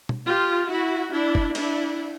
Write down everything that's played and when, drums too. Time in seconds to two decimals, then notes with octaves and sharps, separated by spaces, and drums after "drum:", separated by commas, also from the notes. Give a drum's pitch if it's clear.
0.09 drum: tom
0.26 F4 G4
0.69 E4 F#4
1.12 D4 E4
1.35 drum: kick F#1
1.55 D4 E4, drum: cymbal